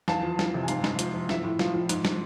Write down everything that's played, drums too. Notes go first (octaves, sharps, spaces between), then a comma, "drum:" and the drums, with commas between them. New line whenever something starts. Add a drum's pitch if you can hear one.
E2 F5 A5, drum: snare
F3
E2, drum: snare
C3
G#5
G#2 F5, drum: hi-hat
G#2, drum: snare
F3, drum: hi-hat
F3
A2 E5, drum: snare
A2
F3 F5, drum: snare
F3
G#2, drum: hi-hat
drum: snare